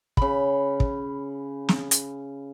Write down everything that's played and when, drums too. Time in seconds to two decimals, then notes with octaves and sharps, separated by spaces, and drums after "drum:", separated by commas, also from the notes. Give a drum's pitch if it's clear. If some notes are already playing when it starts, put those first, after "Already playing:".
0.17 C#3 B5, drum: kick
0.80 drum: kick
1.69 drum: snare
1.91 drum: hi-hat